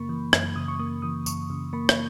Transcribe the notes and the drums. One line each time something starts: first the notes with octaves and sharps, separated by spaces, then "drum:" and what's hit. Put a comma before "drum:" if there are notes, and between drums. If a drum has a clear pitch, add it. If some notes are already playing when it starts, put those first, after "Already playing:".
Already playing: F#2 C#3 A#3 B5 C#6
E3
F#2, drum: rim click
C#3 D#6
C#6
A#3 D#6
E3 D#6
F#2 C#6, drum: tambourine
C#3
A#3 B5
drum: rim click